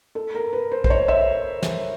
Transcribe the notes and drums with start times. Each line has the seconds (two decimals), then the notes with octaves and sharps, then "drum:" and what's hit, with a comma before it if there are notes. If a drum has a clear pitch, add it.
0.15 A4
0.35 A#4
0.53 B4
0.72 C5
0.84 C5, drum: kick A#1
0.90 C#5
1.08 E5
1.63 drum: snare